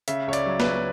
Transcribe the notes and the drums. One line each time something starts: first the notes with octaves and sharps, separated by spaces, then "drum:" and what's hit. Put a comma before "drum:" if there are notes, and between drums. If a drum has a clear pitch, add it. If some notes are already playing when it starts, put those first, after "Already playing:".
C#3 E5, drum: hi-hat
C#2 C#5
D5, drum: hi-hat
F#3
B4, drum: snare
C#2